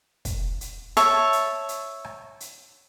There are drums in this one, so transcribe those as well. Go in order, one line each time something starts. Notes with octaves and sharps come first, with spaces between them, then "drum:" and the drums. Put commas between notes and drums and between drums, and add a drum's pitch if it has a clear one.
drum: kick, hi-hat
drum: hi-hat
C#5 E5 A5, drum: hi-hat
drum: hi-hat
drum: hi-hat
drum: rim click
drum: hi-hat